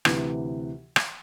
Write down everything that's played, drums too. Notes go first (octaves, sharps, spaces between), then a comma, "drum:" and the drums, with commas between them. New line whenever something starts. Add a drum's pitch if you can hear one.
D2 C3 E3, drum: rim click
drum: rim click